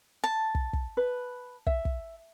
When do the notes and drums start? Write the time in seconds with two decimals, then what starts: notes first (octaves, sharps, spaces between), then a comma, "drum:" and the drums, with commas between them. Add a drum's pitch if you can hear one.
0.24 A5
0.55 drum: kick
0.73 drum: kick
0.97 B4
1.67 E5, drum: kick
1.85 drum: kick